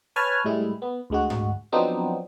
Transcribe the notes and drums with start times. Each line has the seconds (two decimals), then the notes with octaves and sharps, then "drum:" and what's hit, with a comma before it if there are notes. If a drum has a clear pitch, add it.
0.16 B4 C#5 G#5 A5 F6
0.45 A2 G3 G#3 E4
0.82 B3
1.10 D2 G#3 F#4
1.30 drum: tom G#2
1.72 F3 F#3 B3 C4 D4 D#4